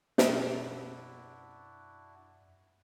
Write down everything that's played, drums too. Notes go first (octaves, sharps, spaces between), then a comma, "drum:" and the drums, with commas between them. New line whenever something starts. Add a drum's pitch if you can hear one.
F#2 B2 F3 D4 E4 F#4, drum: snare